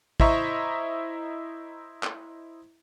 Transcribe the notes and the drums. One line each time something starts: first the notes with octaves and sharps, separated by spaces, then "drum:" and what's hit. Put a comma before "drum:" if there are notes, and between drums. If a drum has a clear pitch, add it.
E4 C5 D#5 E5 A#5 C#6, drum: kick
drum: clap